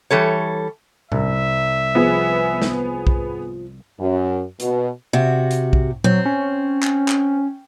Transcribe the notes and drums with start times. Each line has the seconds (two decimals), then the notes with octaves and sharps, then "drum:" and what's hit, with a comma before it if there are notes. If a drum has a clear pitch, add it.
0.11 E3 G3 A4 C#5
1.12 C2 E5, drum: tom A2
1.95 F3 B3 G#4 G#5
2.62 drum: snare
3.07 drum: kick B1
4.00 F#2
4.60 B2, drum: hi-hat
5.13 C3 F#4
5.51 drum: hi-hat
5.73 drum: kick B1
6.04 F#3 C4, drum: tom A#2
6.25 C#4
6.83 drum: clap
7.08 drum: clap